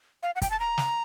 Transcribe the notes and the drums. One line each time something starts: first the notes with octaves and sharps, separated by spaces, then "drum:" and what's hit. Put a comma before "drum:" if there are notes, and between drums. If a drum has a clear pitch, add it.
F5
F#5
G5, drum: kick, hi-hat
A5
A#5
drum: snare